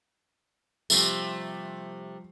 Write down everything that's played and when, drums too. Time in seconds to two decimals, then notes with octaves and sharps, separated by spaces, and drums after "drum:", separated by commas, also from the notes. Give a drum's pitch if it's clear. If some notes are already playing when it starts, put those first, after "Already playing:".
0.90 C3 F3 G3 A3 C7, drum: tambourine